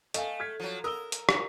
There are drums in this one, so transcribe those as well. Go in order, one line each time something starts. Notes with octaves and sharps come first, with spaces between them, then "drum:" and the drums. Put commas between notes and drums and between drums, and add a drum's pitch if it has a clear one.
A3 D#5 F5 G#5, drum: hi-hat
F6 G#6 B6
F3 F#3
A#4 D#6 E6 G7
drum: hi-hat
drum: rim click